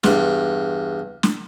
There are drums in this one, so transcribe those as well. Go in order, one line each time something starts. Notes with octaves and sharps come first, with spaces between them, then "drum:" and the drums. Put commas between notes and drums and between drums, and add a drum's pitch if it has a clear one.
E2 G2, drum: snare
drum: snare